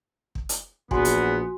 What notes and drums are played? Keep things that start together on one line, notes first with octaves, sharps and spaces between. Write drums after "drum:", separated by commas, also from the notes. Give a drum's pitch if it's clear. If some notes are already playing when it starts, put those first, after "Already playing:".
drum: kick
drum: hi-hat
A#1 E2 B3 F#4 G#5 C6, drum: kick
drum: hi-hat